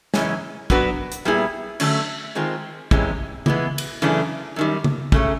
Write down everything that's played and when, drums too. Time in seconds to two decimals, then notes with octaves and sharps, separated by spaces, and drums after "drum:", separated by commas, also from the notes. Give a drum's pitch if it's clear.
0.14 F#2 C#3 E3 G#3 C#4, drum: snare
0.70 F#3 B3 D4 F#4 B4, drum: kick
1.12 drum: hi-hat
1.25 A#2 G3 B3 E4 G#4
1.80 D3 F#3 A3 C#4, drum: cymbal
2.35 D#3 G#3 C4 F4 A#4
2.91 F2 C3 E3 G#3 C#4, drum: kick
3.46 E3 G#3 B3, drum: tom C#3
3.78 drum: cymbal
4.02 F#2 C#3 E3 A3 D4
4.56 F#2 D#3 G3
4.84 drum: tom C#3
5.12 C#3 F#3 A3 C#4, drum: kick